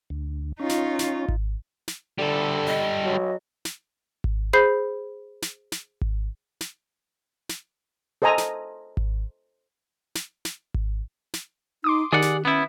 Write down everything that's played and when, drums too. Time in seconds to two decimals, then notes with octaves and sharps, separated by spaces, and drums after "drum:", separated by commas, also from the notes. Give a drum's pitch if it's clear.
0.10 D2
0.60 C#4 D#4 F4
0.69 drum: snare
0.99 drum: snare
1.29 drum: kick G#1
1.88 drum: snare
2.19 D3 G3 A4
2.67 D#5
3.05 F#3
3.65 drum: snare
4.24 drum: kick G#1
4.53 G#4 C5 B5 G6 C7
5.42 drum: snare
5.72 drum: snare
6.01 drum: kick G#1
6.61 drum: snare
7.49 drum: snare
8.22 A4 C5 D#5 G#5 A#5
8.38 drum: snare
8.97 drum: kick G#1
10.15 drum: snare
10.45 drum: snare
10.74 drum: kick G#1
11.34 drum: snare
11.84 D#4 C6 D6 D#6
12.13 D#3 G4 G#4 D5 F#5
12.22 drum: snare
12.45 B3 C#4 E4